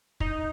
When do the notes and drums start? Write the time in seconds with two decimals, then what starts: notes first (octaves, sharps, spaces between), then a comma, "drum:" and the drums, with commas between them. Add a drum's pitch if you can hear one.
0.20 D#4, drum: kick